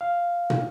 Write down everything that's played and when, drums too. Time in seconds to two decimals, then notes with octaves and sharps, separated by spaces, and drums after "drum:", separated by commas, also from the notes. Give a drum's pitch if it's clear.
0.01 F5
0.50 drum: tom